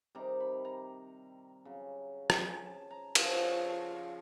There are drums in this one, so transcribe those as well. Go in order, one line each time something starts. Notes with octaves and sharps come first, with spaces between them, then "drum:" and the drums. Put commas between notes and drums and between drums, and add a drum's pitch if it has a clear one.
C3 D#3 G3 A#5
B5
A#5
C#3 F#3
drum: rim click
G#5
A5
A#5
C#3 F3 A5, drum: cymbal
F5